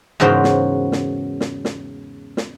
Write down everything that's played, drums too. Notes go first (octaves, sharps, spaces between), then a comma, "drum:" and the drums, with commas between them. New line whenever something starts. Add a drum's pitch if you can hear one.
E2 G#2 C#3 F#4 A#4 C5
drum: snare
drum: snare
drum: snare
drum: snare
drum: snare